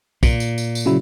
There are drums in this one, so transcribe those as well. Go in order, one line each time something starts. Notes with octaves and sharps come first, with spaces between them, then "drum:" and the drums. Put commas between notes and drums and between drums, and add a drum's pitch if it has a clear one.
A#2, drum: kick, tambourine
drum: tambourine
drum: tambourine
drum: tambourine
C#3 F#3 E4